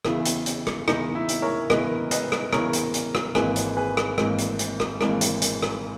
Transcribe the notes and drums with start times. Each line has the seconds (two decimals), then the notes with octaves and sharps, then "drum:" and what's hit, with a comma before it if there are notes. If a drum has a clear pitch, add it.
0.05 E2 C#3 E3 E4, drum: rim click
0.25 drum: hi-hat
0.46 drum: hi-hat
0.67 drum: rim click
0.88 E2 C#3 E3 D#4, drum: rim click
1.15 E4
1.29 drum: hi-hat
1.42 A#4 C#5
1.70 E2 C#3 E3 B4 D#5, drum: rim click
2.11 B4 D#5, drum: hi-hat
2.32 drum: rim click
2.53 E2 C#3 E3 A#4 C#5, drum: rim click
2.73 drum: hi-hat
2.94 drum: hi-hat
3.15 drum: rim click
3.35 G#1 G#2 E3 A#3 G#4 B4, drum: rim click
3.56 drum: hi-hat
3.77 G#4 B4
3.97 drum: rim click
4.18 G#1 G#2 E3 A#3, drum: rim click
4.39 drum: hi-hat
4.59 drum: hi-hat
4.80 drum: rim click
5.01 G#1 G#2 E3 A#3, drum: rim click
5.21 drum: hi-hat
5.42 drum: hi-hat
5.62 drum: rim click